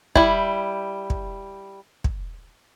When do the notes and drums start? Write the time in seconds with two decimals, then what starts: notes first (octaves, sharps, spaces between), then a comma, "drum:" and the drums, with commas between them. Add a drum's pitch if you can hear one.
0.15 G3 E4, drum: kick
1.10 drum: kick
2.04 drum: kick